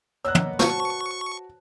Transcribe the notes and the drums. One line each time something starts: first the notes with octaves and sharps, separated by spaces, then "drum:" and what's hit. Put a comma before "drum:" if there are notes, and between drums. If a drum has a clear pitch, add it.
A#3 B3 C#5 D#5 E6 F#6
drum: tom
F#4 B4 C5 A5 C#6, drum: snare